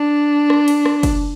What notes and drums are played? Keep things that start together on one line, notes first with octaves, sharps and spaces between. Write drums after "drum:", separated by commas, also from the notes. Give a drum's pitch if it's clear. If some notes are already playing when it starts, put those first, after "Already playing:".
Already playing: D4
drum: rim click
drum: cymbal
drum: rim click
drum: kick, cymbal